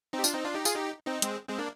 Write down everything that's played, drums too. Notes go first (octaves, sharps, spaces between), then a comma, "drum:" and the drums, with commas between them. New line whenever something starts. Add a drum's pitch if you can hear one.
C4 D#4
G4
D4 F4, drum: tambourine
C4 D#4
D4 F4
D#4 G4
F4 G#4, drum: tambourine
D#4 G4
C4 D#4
G#3 C4, drum: hi-hat
G#3 C4
A#3 D4